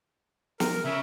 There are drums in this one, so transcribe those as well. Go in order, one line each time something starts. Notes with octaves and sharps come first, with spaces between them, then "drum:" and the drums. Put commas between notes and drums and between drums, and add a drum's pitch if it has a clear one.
A#4, drum: snare
C#3 E5